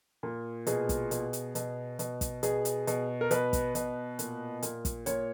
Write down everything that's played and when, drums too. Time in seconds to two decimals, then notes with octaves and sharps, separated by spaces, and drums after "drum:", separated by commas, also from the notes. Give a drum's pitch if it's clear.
0.23 A#2
0.67 B2 G#4, drum: hi-hat
0.89 drum: kick, hi-hat
1.11 B2, drum: hi-hat
1.33 drum: hi-hat
1.55 B2, drum: hi-hat
1.99 B2, drum: hi-hat
2.21 drum: kick, hi-hat
2.43 B2 G#4, drum: hi-hat
2.65 drum: hi-hat
2.87 B2, drum: hi-hat
3.21 A#4
3.31 B2 B4, drum: hi-hat
3.53 drum: kick, hi-hat
3.75 B2, drum: hi-hat
4.19 A#2, drum: hi-hat
4.62 A#2, drum: hi-hat
4.85 drum: kick, hi-hat
5.06 A#2 C#5, drum: hi-hat